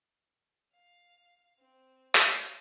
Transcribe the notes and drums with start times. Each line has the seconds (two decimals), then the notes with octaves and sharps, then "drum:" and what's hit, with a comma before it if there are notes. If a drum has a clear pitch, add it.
0.73 F5
1.59 C4
2.15 D5 D#5, drum: clap